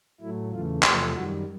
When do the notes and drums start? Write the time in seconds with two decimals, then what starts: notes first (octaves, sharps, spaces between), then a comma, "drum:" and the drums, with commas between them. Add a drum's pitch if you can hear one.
0.21 A2 F#3 A3 E4
0.52 E2 C#3 E3 A3 F4
0.83 E2 C3 F3 A3 G4, drum: clap
1.13 F#2 D#3 G3 F#4